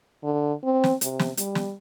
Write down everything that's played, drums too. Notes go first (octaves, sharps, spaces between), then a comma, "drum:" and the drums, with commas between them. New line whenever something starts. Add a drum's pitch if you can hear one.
D3
C4
drum: snare
C3, drum: hi-hat
drum: snare
G3, drum: hi-hat
drum: snare